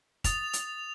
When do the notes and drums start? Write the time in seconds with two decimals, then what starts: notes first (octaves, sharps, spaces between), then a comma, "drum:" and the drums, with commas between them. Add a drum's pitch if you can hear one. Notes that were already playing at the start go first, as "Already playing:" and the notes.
0.24 D#6 A6 F7, drum: kick, hi-hat
0.53 drum: hi-hat